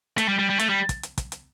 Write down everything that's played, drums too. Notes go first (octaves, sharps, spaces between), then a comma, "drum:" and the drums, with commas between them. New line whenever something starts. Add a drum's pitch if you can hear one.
A3, drum: hi-hat
G3
G3
G3
A3, drum: hi-hat
G3
drum: kick, hi-hat
drum: hi-hat
drum: kick, hi-hat
drum: hi-hat